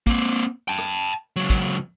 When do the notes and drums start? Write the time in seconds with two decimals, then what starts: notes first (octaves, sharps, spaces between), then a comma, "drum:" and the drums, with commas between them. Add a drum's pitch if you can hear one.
0.07 A#3 C4, drum: kick, hi-hat
0.68 G5 A5
0.78 drum: rim click
1.36 C#2 F#3
1.50 drum: kick, hi-hat